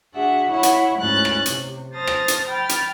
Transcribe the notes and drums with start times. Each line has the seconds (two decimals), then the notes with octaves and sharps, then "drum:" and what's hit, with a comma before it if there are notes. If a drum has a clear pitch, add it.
0.13 D4 F#4 G#4 E5 F#5
0.51 E4 C#5 E5 F#5
0.63 drum: hi-hat
0.98 D2 G#2 C#4 E4 F#6 A6
1.25 drum: rim click
1.46 C3, drum: hi-hat
1.92 C5 A5 D#6 F6 A6 A#6
2.07 drum: rim click
2.28 drum: hi-hat
2.47 G5 B5 F6 A6
2.69 drum: hi-hat